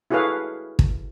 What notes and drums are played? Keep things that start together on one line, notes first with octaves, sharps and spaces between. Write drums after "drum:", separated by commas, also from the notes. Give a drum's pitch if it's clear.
E4 F#4 G#4 A4 B4 F5
drum: kick